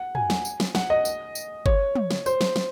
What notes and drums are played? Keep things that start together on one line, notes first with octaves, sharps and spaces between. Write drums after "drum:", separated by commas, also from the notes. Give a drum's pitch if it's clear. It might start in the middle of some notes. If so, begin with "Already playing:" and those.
Already playing: F#5
G#5, drum: tom
drum: snare
drum: tambourine
drum: snare
F#5, drum: snare
D#5
drum: tambourine
drum: tambourine
C#5, drum: kick G1
drum: tom
drum: snare
C5, drum: tambourine
drum: snare
drum: snare